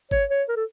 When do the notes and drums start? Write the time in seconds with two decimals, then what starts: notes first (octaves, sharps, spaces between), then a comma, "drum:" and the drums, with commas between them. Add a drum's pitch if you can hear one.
0.11 C#5, drum: kick G#1
0.30 C#5
0.48 A#4
0.56 A4